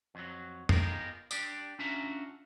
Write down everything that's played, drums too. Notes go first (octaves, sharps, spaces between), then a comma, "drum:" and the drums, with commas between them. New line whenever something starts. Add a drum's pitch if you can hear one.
F2 F#3
B3 D#4 F4 G4 G#4 A#4, drum: tom F2
D4 G4 D5, drum: tambourine
C#4 D4 F4 F#4 E5 A#5